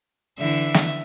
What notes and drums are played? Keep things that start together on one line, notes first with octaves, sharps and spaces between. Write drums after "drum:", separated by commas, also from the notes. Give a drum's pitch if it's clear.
D3 E3 E5
drum: snare